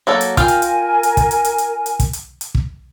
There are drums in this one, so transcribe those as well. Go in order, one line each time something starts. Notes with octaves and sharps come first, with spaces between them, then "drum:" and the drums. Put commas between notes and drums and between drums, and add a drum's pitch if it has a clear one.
F#3 A#3 A4
drum: hi-hat
F4 A#4 F5 G5 G#5, drum: kick, hi-hat
drum: hi-hat
drum: hi-hat
drum: hi-hat
drum: kick, hi-hat
drum: hi-hat
drum: hi-hat
drum: hi-hat
drum: hi-hat
drum: kick, hi-hat
drum: hi-hat
drum: hi-hat
drum: kick